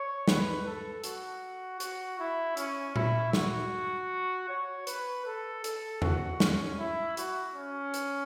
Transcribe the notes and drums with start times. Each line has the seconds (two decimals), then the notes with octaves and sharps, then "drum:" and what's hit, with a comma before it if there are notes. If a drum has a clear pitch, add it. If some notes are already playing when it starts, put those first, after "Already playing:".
Already playing: C#5
0.28 B4, drum: snare
0.66 A4
1.04 F#4, drum: hi-hat
1.80 F#4, drum: hi-hat
2.19 E4
2.57 C#4, drum: hi-hat
2.96 E4, drum: tom A#2
3.33 F#4, drum: snare
4.49 C#5
4.87 B4, drum: hi-hat
5.25 A4
5.64 A4, drum: hi-hat
6.02 F#4, drum: tom E2
6.40 C#4, drum: snare
6.79 E4
7.17 F#4, drum: hi-hat
7.56 C#4
7.94 drum: hi-hat